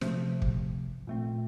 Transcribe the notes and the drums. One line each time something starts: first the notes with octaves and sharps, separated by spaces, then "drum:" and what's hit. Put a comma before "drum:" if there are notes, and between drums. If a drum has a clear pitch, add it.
C3 F3 A3, drum: snare
drum: kick
A#2 A3 C4